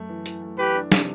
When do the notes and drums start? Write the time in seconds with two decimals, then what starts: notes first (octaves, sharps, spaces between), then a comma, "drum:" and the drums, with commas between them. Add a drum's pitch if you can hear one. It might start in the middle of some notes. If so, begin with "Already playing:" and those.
Already playing: F#2 A3
0.09 E3
0.26 E3, drum: hi-hat
0.42 A3
0.58 E3 G4 B4
0.75 D4
0.92 C3, drum: snare